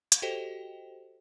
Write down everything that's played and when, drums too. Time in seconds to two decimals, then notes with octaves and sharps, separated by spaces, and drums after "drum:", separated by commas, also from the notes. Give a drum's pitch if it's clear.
0.12 drum: hi-hat
0.22 F#4 G4 A4 C5 D#5 G5